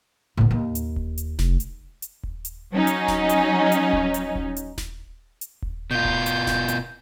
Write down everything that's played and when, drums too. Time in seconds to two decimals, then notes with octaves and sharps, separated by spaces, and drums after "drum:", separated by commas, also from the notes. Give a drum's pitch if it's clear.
0.37 A2 B3
0.51 D#2
0.75 drum: hi-hat
0.96 drum: kick D#1
1.18 drum: hi-hat
1.39 F1, drum: snare D#1
1.60 drum: hi-hat
2.02 drum: hi-hat
2.23 drum: kick D#1
2.45 drum: hi-hat
2.74 F#3 C#4 D#4
2.87 drum: hi-hat
3.08 drum: snare D#1
3.29 drum: hi-hat
3.72 drum: hi-hat
3.93 drum: kick D#1
4.14 drum: hi-hat
4.35 drum: kick D#1
4.56 drum: hi-hat
4.78 drum: snare D#1
5.41 drum: hi-hat
5.62 drum: kick D#1
5.91 B2 F4 G6
6.05 drum: kick D#1
6.26 drum: hi-hat
6.47 drum: snare D#1
6.68 drum: hi-hat